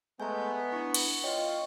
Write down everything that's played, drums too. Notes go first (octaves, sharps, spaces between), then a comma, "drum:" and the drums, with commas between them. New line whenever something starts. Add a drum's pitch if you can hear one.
G#3 A3 B3 G#5 A#5 G6
D4 E4 C#6
drum: cymbal
F4 C#5 D#5 G5